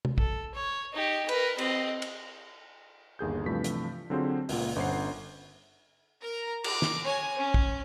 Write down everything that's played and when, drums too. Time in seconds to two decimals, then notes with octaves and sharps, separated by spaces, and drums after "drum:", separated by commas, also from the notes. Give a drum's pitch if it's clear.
0.05 drum: tom
0.18 A4, drum: kick
0.54 C#5
0.93 D#4 G4
1.29 A#4 B4, drum: cymbal
1.58 C4 D#5, drum: cymbal
2.02 drum: cymbal
3.19 G1 D#2 G#4 G6
3.46 G2 C3 E3 F3 A3 B6
3.64 drum: hi-hat
4.10 D3 F#3 C4 F4 G#4 C5
4.49 C#2 A#2, drum: open hi-hat
4.76 G1 C#4 C5 F#5 C7
6.22 A#4 A#5
6.64 D6, drum: cymbal
6.82 drum: snare
7.04 C#5 G#5
7.39 C#4
7.54 drum: kick